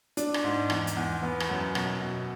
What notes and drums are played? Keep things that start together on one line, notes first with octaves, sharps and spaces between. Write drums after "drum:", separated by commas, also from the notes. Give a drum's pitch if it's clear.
D4, drum: hi-hat
drum: rim click
G#2
E2, drum: rim click
drum: hi-hat
E2
B3
drum: rim click
F#2
B2, drum: rim click
B2